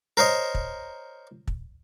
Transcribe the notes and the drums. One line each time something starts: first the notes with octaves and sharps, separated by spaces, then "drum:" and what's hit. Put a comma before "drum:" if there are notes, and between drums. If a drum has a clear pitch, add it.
A#4 C5 C#5 D#5
drum: kick
drum: kick